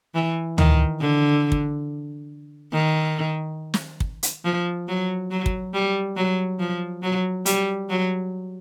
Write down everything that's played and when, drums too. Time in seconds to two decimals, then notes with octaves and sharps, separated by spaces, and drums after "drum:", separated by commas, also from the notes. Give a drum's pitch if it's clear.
0.14 E3
0.58 D#3, drum: tom
1.00 D3
1.52 drum: kick
2.73 D#3
3.74 drum: snare
4.00 drum: kick
4.23 drum: hi-hat
4.45 F3
4.88 F#3
5.31 F#3
5.46 drum: kick
5.74 G3
6.17 F#3
6.60 F3
7.03 F#3
7.46 G3, drum: hi-hat
7.90 F#3